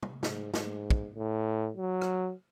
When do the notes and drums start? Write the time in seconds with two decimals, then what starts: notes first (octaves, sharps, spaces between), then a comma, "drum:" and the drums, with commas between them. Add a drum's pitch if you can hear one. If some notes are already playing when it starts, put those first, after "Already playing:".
0.03 drum: tom
0.23 G#2, drum: snare
0.54 G#2, drum: snare
0.90 drum: kick
1.15 A2
1.77 F#3
2.02 drum: rim click